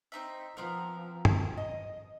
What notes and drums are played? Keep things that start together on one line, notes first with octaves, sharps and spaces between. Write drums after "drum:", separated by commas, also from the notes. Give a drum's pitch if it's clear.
C4 D#4 E5
F3 B3 C4 A#4
drum: tom
D#5